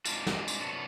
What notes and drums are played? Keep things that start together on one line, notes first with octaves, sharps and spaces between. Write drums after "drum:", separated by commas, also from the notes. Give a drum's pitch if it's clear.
G#3 C4 D4 D#4 F4 F#4, drum: tambourine
drum: snare
drum: tambourine
C3 F#3 B3 D4 F#4 A4